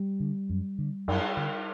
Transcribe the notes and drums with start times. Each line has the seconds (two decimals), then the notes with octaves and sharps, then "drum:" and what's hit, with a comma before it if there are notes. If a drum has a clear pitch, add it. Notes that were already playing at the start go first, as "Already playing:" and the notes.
Already playing: G3
0.20 D3
0.50 F#2
0.78 D3
1.08 F#2, drum: cymbal
1.37 D3